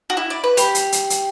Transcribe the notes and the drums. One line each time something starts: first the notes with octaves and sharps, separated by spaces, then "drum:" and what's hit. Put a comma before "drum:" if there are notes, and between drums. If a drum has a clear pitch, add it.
F#4
E4
D5
B4
G4, drum: hi-hat
drum: hi-hat
drum: hi-hat
drum: hi-hat